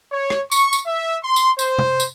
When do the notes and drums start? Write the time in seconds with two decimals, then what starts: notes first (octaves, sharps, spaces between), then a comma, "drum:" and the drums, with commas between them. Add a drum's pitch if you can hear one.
0.12 C#5
0.30 drum: rim click
0.52 C#6, drum: tambourine
0.73 drum: tambourine
0.86 E5
1.24 C6
1.36 drum: tambourine
1.59 C5, drum: tambourine
1.79 drum: tom
2.00 drum: tambourine